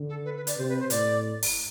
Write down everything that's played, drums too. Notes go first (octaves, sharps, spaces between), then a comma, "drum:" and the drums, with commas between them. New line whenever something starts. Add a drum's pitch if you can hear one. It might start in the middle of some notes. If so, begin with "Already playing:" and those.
Already playing: D3
A4
B4
B4
D5, drum: hi-hat
C3 C5
B4
C5
A2 D5, drum: hi-hat
drum: open hi-hat